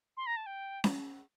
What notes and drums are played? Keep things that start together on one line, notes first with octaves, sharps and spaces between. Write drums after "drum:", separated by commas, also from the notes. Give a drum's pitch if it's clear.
C6
A#5
A5
G5
drum: snare C#4